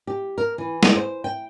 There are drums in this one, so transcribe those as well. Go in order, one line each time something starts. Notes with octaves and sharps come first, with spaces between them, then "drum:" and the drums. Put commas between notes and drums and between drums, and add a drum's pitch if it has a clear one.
G4
A#4
E3
drum: snare G#3
C5
G5